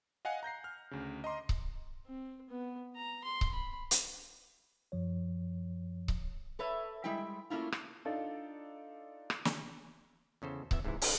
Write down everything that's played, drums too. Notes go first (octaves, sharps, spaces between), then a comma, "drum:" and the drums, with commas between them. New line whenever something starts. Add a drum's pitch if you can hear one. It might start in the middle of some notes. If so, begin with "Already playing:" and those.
D#5 F5 F#5 G#5 F#6 C#7
A#5 G6 A#6 C7
F6
D2 C#3
D#5 A#5 C6 D6
drum: kick C#1
C4
B3
A#5
C6
drum: kick C#1
B5
drum: hi-hat
F#2 F3 C#5
drum: kick C#1
A4 B4 C#5 E5
G3 G#3 E4 E5 G5
A3 A#3 C#4 E4 F4
drum: rim click
D4 D#4 F4 A4 D5
drum: rim click
drum: snare
E2 C#3 A4 C5
E2 B3 E5, drum: kick C#1
G#2 C3 E3 E4
C#4 D#4 C5 F5 F#5, drum: open hi-hat